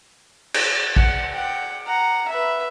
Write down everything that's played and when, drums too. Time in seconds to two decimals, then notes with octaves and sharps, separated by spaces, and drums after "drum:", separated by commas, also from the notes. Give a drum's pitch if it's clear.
0.54 drum: cymbal
0.96 F#5, drum: kick
1.33 F#5 G5
1.87 F#5 A#5
2.29 B4 E5